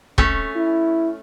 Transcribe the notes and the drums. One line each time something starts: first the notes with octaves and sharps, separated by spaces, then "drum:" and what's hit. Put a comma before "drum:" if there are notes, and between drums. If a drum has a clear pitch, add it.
A3 C#4, drum: kick
E4